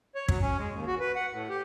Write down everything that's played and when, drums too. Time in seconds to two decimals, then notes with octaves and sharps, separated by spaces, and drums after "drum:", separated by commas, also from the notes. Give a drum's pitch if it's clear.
0.15 C#5
0.28 F#3, drum: kick
0.42 C#4
0.57 G#3
0.70 D#2
0.87 F#4
1.00 B4
1.16 F#5
1.33 A2
1.49 G4